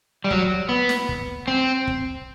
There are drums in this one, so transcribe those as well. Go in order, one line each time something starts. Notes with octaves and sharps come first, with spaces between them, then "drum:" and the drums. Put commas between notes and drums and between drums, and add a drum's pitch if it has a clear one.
G3
F#3, drum: kick
B3
drum: snare
drum: kick
C4
drum: kick